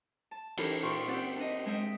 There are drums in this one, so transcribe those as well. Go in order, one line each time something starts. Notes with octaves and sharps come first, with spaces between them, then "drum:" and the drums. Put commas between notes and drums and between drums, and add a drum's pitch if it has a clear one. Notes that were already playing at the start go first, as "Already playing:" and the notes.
A5
E3 D#4 E4 G4 A4 A#4, drum: cymbal
A#2 A#4 G5 C6 C#6
C4 G4 D5 F#5 G5
D4 D#5
G#3 D#5 E5 G5